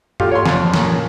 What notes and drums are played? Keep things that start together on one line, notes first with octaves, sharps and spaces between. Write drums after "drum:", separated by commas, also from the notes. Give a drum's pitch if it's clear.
F4 G4 A4 F5, drum: tom F#2
C#5 C6
F2, drum: snare
A#2 C#4, drum: snare